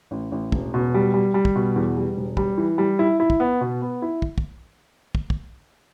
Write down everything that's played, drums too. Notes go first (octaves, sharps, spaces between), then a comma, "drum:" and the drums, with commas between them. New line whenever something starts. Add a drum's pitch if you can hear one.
A1
A1
E1, drum: kick
B2
G3
G3
G3
drum: kick
B2
E2
G3
E1
G3, drum: kick
E3
G3
E4
E4
drum: kick
B3
B2
B3
E4
drum: kick
drum: kick
drum: kick
drum: kick